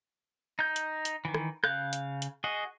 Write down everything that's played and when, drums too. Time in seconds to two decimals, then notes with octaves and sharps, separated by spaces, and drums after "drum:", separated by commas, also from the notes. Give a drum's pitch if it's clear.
0.59 D#4 G6
0.76 drum: hi-hat
1.05 drum: hi-hat
1.25 D#3 E3
1.34 drum: rim click
1.64 C#3 F5 F#6 G6, drum: rim click
1.93 drum: hi-hat
2.22 drum: hi-hat
2.44 F#4 G#4 D#5